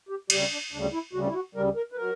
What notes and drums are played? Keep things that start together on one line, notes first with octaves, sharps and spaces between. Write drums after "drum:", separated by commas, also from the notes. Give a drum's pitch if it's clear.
G4
D2 C#3 G3 G4, drum: cymbal
D4
D2 C#3 G3 D4
E4
D2 C#3 G3 F#4
E4
F#4
D2 C#3 G3 A#4
A#4
B4
F#3 A#4